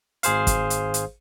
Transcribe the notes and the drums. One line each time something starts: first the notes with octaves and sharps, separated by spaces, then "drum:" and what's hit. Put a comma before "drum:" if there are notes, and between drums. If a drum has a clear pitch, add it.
G#1 G#4 C5 F5, drum: hi-hat
drum: kick, hi-hat
drum: hi-hat
drum: hi-hat